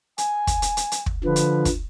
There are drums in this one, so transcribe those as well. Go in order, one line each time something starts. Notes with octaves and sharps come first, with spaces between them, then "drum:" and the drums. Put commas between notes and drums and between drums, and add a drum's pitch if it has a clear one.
G#5, drum: hi-hat
drum: kick, hi-hat
drum: hi-hat
drum: hi-hat
drum: hi-hat
drum: kick
D3 F3 B4
drum: hi-hat
drum: kick, hi-hat